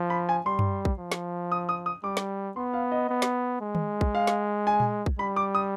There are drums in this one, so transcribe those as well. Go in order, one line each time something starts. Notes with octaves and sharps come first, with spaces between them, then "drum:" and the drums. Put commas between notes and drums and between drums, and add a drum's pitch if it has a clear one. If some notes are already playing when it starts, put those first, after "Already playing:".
Already playing: F3
B5
G#5
G3 C6
drum: tom F#2
drum: kick
F3
drum: snare
D#6
D#6
D#6
G3 D6
drum: snare
B3 C6
F5
D#5
B3
drum: snare
G#3
drum: tom D#3
drum: kick
F5
drum: snare
G#5
drum: tom A#2
drum: kick
G3 B5
D6
D#6